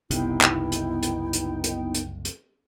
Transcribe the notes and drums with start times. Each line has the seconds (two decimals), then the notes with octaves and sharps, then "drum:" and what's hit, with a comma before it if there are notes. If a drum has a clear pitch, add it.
0.10 F#1 C2 C3 B3 D#4 E4 G5, drum: hi-hat
0.41 drum: clap
0.72 drum: hi-hat
1.02 drum: hi-hat
1.33 drum: hi-hat
1.64 drum: hi-hat
1.94 drum: hi-hat
2.25 drum: hi-hat